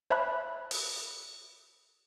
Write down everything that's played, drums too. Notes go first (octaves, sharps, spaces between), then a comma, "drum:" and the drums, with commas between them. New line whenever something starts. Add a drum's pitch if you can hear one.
C5 C#5 E5 A5 B5 F#6
drum: open hi-hat